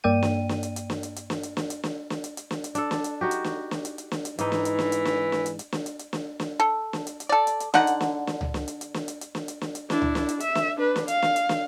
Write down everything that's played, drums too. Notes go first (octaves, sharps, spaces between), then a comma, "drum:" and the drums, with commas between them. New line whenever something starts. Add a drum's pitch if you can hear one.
G2 A#3 D5 G5 D#7
drum: snare
drum: snare
drum: hi-hat
drum: hi-hat
drum: snare
drum: hi-hat
drum: hi-hat
drum: snare
drum: hi-hat
drum: snare
drum: hi-hat
drum: snare
drum: snare
drum: hi-hat
drum: hi-hat
drum: snare
drum: hi-hat
D4 A4, drum: hi-hat
drum: snare
drum: hi-hat
D#4 F#4 G4
drum: hi-hat
drum: snare
drum: snare
drum: hi-hat
drum: hi-hat
drum: snare
drum: hi-hat
G#2 E3 D#4, drum: hi-hat
drum: snare
drum: hi-hat
drum: snare
drum: hi-hat
drum: snare
drum: snare
drum: hi-hat
drum: hi-hat
drum: snare
drum: hi-hat
drum: hi-hat
drum: snare
drum: snare
A4
drum: snare
drum: hi-hat
drum: hi-hat
A4 D5
drum: hi-hat
drum: hi-hat
D3 D#4 F#5, drum: snare
drum: hi-hat
drum: snare
drum: snare
drum: tom C#2
drum: snare
drum: hi-hat
drum: hi-hat
drum: snare
drum: hi-hat
drum: hi-hat
drum: snare
drum: hi-hat
drum: snare
drum: hi-hat
D4 E4, drum: snare
drum: tom C#2
drum: snare
drum: hi-hat
E5, drum: hi-hat
drum: snare
D4 B4
drum: snare
F5, drum: hi-hat
drum: snare
drum: hi-hat
drum: snare